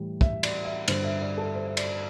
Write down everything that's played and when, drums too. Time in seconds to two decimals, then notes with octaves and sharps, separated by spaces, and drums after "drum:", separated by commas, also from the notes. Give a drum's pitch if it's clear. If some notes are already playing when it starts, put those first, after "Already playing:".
Already playing: A2 E3 G3
0.21 E5, drum: kick
0.43 D5, drum: cymbal
0.65 E5
0.88 G2 D3 G3 C5, drum: cymbal
1.04 E5
1.21 D5
1.38 A4
1.55 C5
1.67 E5
1.77 D5, drum: cymbal